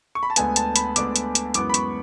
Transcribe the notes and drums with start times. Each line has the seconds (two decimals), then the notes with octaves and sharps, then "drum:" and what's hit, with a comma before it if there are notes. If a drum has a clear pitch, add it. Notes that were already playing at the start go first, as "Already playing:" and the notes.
0.15 C#6
0.23 B5
0.30 A5
0.36 D2 D3 G#3 B3 G#5, drum: hi-hat
0.56 A5, drum: hi-hat
0.76 B5, drum: hi-hat
0.96 D2 D3 G#3 B3 D6, drum: hi-hat
1.16 drum: hi-hat
1.35 drum: hi-hat
1.54 F#2 E3 G#3 B3 D6, drum: hi-hat
1.70 B5
1.74 C#6, drum: hi-hat